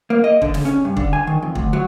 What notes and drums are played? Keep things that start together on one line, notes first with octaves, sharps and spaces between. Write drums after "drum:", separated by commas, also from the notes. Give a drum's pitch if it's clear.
A#3
D#5
D3, drum: kick
C#3, drum: snare
C#4
G2
D3, drum: kick
G#5
D#3
F2
D2, drum: kick
F#3